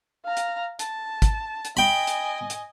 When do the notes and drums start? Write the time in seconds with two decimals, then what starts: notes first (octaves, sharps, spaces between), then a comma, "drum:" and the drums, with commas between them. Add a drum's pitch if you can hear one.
0.25 F5 A#5
0.37 drum: hi-hat
0.79 A5, drum: hi-hat
1.22 drum: kick, hi-hat
1.65 drum: hi-hat
1.77 D#5 G5 G#5 B5
2.07 drum: hi-hat
2.50 drum: hi-hat